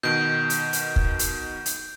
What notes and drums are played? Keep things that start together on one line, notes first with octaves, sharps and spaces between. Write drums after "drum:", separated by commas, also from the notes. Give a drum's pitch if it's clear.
B2 D#3 G6 D7
drum: hi-hat
drum: hi-hat
drum: kick
drum: hi-hat
drum: hi-hat